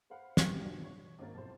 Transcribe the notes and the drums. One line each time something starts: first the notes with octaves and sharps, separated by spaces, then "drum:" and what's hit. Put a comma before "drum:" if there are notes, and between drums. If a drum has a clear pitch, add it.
B4 C5 F5 F#5 B5
D#3 F#3 G4 F5, drum: snare
G2 B2 F3 D4 F#4 G4
C#5
G#1 A#3 C#4 A#4 A6
B1 F2 E4 C5